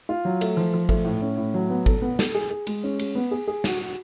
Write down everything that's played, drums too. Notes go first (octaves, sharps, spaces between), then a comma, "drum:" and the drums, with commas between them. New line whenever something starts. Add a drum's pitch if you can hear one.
F4
F#3
A3, drum: cymbal
F3
F3
A3, drum: kick G#1
A2
C#4
A2
F#3
B3
A4, drum: kick G#1
B3
A4, drum: snare
G#4
G#4
G#3, drum: cymbal
C#4
G#3, drum: cymbal
B3
G#4
G#4
F#4, drum: snare
F#4